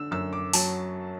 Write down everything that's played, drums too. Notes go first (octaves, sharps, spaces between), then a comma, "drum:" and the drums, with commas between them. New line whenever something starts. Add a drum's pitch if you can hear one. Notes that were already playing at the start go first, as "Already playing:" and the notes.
Already playing: D3 E6
F#2 E6
D6
F#3 A5, drum: open hi-hat